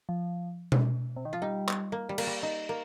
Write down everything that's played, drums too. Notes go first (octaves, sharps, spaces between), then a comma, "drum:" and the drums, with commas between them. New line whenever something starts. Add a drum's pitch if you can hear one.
F3
drum: tom B2
C3
D#3
F3 F4
G3 D#4
drum: clap
A#3
G3
A#3, drum: cymbal
G3
D#4
A#3